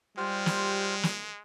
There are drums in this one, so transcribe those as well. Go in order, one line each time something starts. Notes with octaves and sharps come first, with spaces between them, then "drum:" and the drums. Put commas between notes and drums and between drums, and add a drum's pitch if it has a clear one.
G3 G#3 F4 G4 C5 F6
drum: snare
drum: snare